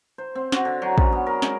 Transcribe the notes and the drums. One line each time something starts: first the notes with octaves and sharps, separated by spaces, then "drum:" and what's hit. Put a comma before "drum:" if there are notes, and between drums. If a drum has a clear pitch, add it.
C5
C4
F#4, drum: snare
D3
F#3
C#4, drum: kick
B3
A#4
G#3, drum: snare